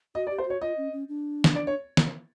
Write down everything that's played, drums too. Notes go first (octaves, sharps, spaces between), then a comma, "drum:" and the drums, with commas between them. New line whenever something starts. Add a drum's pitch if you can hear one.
F#4 D#5
D5
G4
C5
F#4 C#5
F4 D#5
C#4
C#4
D4
drum: snare
D5
C#5
drum: snare